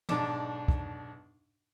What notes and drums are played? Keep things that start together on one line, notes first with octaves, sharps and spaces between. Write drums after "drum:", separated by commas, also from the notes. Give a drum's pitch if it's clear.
B1 G#2 D4 A5 D6, drum: tom
drum: kick